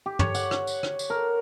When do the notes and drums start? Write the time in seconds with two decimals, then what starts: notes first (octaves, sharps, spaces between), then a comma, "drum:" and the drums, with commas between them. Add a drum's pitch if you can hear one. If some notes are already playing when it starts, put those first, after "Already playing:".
0.06 G4
0.19 C#5, drum: tom
0.35 F#5, drum: tambourine
0.51 drum: rim click
0.67 drum: tambourine
0.83 drum: rim click
0.99 drum: tambourine
1.10 A#4